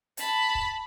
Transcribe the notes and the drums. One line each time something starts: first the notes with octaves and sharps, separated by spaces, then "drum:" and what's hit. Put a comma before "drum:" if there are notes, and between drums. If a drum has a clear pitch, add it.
A5 B5, drum: hi-hat
drum: kick